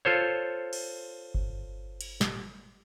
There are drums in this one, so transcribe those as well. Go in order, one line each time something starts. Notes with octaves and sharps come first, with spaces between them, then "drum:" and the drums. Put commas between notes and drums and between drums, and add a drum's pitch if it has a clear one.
F4 A4 C5 C#5
drum: cymbal
drum: kick G1
drum: cymbal
drum: snare